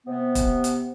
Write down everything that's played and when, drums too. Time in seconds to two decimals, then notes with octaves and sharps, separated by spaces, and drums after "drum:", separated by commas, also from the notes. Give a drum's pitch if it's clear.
0.07 C3 B3
0.35 drum: kick E1, hi-hat
0.64 drum: hi-hat